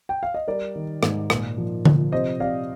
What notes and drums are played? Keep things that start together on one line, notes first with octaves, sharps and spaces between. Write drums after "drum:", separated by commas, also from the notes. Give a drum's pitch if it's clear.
G5
F5
D#5
G3 A#4 D5
D#3
G#2, drum: rim click
A#2, drum: rim click
F3
F3, drum: tom D3
C3 C5 D#5
C3 D5 F5